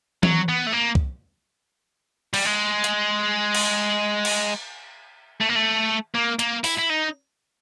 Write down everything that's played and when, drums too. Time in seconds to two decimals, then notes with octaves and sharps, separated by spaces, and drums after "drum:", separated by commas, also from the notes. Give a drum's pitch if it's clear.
0.23 F#3, drum: tom E3
0.48 B3
0.67 A3
0.72 A#3
0.95 drum: kick C2
2.34 G3, drum: cymbal
2.45 G#3
2.84 drum: hi-hat
3.55 drum: cymbal
4.25 drum: cymbal
5.41 A3
5.49 A#3
5.56 A3
6.15 A#3
6.39 A#3, drum: hi-hat
6.64 E4, drum: open hi-hat
6.78 E4
6.89 D#4